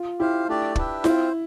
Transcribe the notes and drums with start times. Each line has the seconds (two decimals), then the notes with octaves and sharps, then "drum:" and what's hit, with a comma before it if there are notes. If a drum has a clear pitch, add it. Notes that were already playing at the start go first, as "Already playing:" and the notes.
Already playing: F4
0.19 E4 G4 C5 F5
0.48 A3 D4 G4 D5
0.76 D4 G4 B4 E5 G5, drum: kick
1.04 C4 E4 F4 C5, drum: snare F4